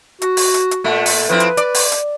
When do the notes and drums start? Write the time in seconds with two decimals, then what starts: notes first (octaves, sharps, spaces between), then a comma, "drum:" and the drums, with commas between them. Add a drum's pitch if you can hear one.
0.22 F#4, drum: hi-hat
0.37 drum: open hi-hat
0.54 drum: hi-hat
0.71 drum: hi-hat
0.84 A#2 A3
1.06 drum: open hi-hat
1.29 F3 C4 E4 B4
1.40 drum: hi-hat
1.57 D5, drum: hi-hat
1.74 drum: open hi-hat
1.92 drum: hi-hat